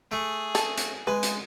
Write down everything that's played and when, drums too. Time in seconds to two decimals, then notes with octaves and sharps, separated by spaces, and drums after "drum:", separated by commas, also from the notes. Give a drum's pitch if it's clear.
0.12 A3 G#4
0.55 A4, drum: hi-hat
0.78 drum: hi-hat
1.07 G#3 B4
1.23 drum: hi-hat